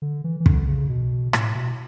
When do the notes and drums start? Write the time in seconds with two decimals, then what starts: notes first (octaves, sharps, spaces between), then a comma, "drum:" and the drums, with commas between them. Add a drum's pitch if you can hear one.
0.02 D3
0.24 E3
0.40 E3
0.46 D3, drum: kick
0.68 C#3
0.89 B2
1.33 A2, drum: rim click
1.55 B2